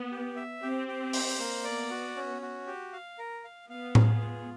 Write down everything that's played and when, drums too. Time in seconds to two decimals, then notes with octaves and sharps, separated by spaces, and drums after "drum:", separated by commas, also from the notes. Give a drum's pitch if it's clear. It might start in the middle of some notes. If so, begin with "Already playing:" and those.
Already playing: B3
0.11 G4
0.36 E5
0.62 C4 G4
0.88 G4
1.13 C5, drum: open hi-hat
1.39 A#3
1.64 B3 D5
1.90 F#4
2.16 C#4
2.42 F#4
2.67 G4
2.93 F5
3.18 A#4
3.44 F5
3.70 B3 F5
3.95 G#4, drum: tom A2
4.21 F4